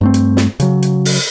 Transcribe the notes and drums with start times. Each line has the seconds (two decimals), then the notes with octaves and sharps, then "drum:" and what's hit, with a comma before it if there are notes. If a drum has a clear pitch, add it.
0.01 G2 A3 C4
0.14 drum: hi-hat
0.37 drum: snare
0.60 C#3 F#3, drum: hi-hat
0.82 drum: hi-hat
1.05 drum: open hi-hat